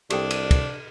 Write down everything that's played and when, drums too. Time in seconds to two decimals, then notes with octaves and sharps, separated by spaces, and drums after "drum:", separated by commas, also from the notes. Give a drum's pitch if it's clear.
0.10 C2 D4 G4 A4 G5, drum: cymbal
0.31 drum: cymbal
0.51 drum: kick, cymbal